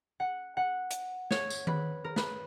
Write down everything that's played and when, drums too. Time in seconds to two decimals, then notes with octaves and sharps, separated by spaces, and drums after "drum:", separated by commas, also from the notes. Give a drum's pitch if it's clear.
0.20 F#5
0.57 F#5
0.91 drum: hi-hat
1.31 C#5, drum: snare
1.50 drum: tambourine
1.67 B4, drum: tom D#3
2.04 A#4
2.16 B4, drum: snare